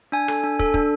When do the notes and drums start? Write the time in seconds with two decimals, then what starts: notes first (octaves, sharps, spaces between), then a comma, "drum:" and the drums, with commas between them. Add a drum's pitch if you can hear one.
0.12 D4 G#5
0.28 A4, drum: rim click
0.44 D4
0.59 A4, drum: kick
0.74 D4, drum: kick